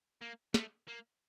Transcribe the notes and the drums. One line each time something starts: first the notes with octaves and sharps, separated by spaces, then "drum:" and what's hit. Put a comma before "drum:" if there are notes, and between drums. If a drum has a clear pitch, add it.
A#3
A3, drum: snare
A#3